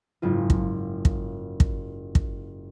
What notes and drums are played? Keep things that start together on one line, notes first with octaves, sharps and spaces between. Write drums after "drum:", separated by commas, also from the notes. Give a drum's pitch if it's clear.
F#1 G#2 F4
drum: kick
drum: kick
drum: kick
drum: kick